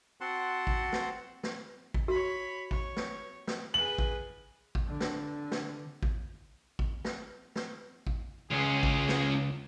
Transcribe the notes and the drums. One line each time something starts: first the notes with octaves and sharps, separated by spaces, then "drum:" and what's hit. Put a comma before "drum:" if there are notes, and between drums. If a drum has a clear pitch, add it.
C4 F#4 F#5 A5 C6
drum: kick
drum: snare
drum: snare
drum: kick
F#4 C#5 B5
C#5, drum: kick
drum: snare
drum: snare
G#4 B4 F#7
drum: kick
drum: kick
D3
drum: snare
drum: snare
drum: kick
drum: kick
drum: snare
drum: snare
drum: kick
C#2 C#4 F4 G#4
drum: kick
drum: snare